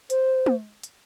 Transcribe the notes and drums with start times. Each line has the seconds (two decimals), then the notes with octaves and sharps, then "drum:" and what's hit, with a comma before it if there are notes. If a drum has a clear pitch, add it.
0.10 C5, drum: hi-hat
0.46 drum: tom
0.83 drum: hi-hat